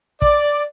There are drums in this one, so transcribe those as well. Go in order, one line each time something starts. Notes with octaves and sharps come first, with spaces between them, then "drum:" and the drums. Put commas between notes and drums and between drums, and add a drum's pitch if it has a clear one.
D5, drum: kick